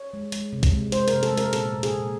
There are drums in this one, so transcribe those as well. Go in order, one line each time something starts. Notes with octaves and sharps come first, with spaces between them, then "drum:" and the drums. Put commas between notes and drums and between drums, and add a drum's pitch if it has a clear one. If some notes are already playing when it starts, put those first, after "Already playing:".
Already playing: C#5
G#3
G#3, drum: hi-hat
C3
drum: kick, hi-hat
G#3
G#3 C5, drum: hi-hat
A#4, drum: hi-hat
C3
A4, drum: hi-hat
G#3
A#4, drum: hi-hat
A#2 A4, drum: hi-hat
A#2
G#4, drum: hi-hat
A#2